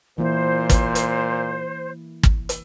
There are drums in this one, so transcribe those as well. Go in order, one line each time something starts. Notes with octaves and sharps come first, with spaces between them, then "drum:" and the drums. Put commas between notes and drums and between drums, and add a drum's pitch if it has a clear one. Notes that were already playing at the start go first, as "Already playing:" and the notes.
A#2 E3 A#3 E4 C5
drum: kick, hi-hat
drum: hi-hat
drum: kick
drum: hi-hat